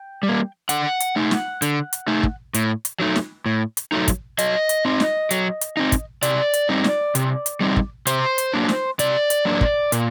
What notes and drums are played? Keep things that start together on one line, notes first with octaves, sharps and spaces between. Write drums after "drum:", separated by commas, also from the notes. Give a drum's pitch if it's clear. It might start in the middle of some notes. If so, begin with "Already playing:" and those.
Already playing: G5
G3
A#3
D3 F#5, drum: hi-hat
drum: hi-hat
A3 D#4
drum: snare
D3, drum: hi-hat
drum: hi-hat
A3 D#4
drum: kick
A2, drum: hi-hat
drum: hi-hat
F#3 A3 D#4
drum: snare
A2
drum: hi-hat
F#3 A3 D#4
drum: kick, hi-hat
F#3 D#5, drum: hi-hat
drum: hi-hat
C4 D#4
drum: snare
F#3, drum: hi-hat
drum: hi-hat
C4 D#4
drum: kick, hi-hat
C3 D5, drum: hi-hat
drum: hi-hat
G3 C4 D#4
drum: snare
C3, drum: hi-hat
drum: hi-hat
G3 C4 D#4
drum: kick
C3 C5, drum: hi-hat
drum: hi-hat
F#3 A#3 D4
drum: snare
C3 D5, drum: hi-hat
drum: hi-hat
F#3 A#3 D4
drum: kick
A#2, drum: hi-hat